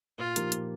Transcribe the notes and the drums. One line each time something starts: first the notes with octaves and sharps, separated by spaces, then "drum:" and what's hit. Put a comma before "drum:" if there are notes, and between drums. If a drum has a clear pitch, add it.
A#2 F4
F3 A#3 D#4 G4, drum: hi-hat
A#2, drum: hi-hat